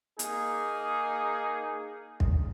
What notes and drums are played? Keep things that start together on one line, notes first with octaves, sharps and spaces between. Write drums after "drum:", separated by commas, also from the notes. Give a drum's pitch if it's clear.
A#3 D#4 G#4, drum: hi-hat
drum: kick